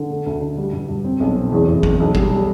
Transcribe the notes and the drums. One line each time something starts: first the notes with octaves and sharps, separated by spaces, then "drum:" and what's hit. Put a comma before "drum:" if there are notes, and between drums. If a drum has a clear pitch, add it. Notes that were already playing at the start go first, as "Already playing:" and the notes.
Already playing: D3
A3
D2
D3
G3
G2
G2
C4
B1
C4
E2
F#1
E2, drum: kick
B1
G3, drum: kick
G3